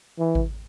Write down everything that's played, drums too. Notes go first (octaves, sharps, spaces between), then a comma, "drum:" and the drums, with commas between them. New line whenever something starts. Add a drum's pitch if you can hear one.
E3
drum: kick G#1